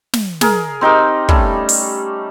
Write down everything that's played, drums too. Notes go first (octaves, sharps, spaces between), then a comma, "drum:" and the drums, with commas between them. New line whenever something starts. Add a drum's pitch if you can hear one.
drum: snare
G#4 A#4, drum: snare
C4 D#4 G4 A#4
G3 A3 C#4, drum: kick
drum: open hi-hat